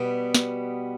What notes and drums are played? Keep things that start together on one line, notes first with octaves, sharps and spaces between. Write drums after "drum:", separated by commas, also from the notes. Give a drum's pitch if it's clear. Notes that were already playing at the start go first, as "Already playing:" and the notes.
Already playing: B2 G3 B3
drum: snare